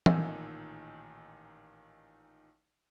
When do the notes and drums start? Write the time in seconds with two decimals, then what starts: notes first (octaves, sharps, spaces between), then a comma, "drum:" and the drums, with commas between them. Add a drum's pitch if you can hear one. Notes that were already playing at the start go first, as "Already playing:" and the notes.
0.06 A1 A#2 D#3 D#4 G#5 E6, drum: tom E3